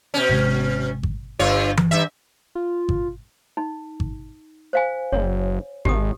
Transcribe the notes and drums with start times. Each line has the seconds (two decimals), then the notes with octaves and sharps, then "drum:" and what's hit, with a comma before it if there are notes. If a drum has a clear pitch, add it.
0.14 B2 C#4
0.29 G#1 C3 G#3
1.03 drum: kick G#1
1.39 G1 G2 F4 C#5
1.77 drum: tom E3
1.91 G2 E5
2.55 F4
2.89 drum: kick G#1
3.57 D#4
4.00 drum: kick G#1
4.73 C5 F5 G#5
5.12 F#1 C#5
5.85 G#1 G4 D#6, drum: kick G#1